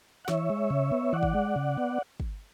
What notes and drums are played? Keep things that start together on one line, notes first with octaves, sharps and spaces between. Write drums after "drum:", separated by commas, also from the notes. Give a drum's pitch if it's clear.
F#5
E3 C#5 E5, drum: snare
G#3
C#3
B3
E3 D5 F#5
drum: kick
G#3
C#3
B3
drum: kick